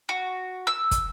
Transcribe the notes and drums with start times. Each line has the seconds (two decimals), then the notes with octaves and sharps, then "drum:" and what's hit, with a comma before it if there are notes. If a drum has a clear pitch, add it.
0.09 F#4
0.67 E6
0.91 drum: kick, hi-hat